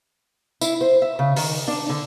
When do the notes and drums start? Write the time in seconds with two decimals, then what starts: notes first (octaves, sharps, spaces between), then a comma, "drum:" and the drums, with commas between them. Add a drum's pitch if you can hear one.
0.61 E4, drum: tambourine
0.81 C5
1.02 E5
1.19 C#3
1.36 D#3, drum: open hi-hat
1.68 D4
1.90 D3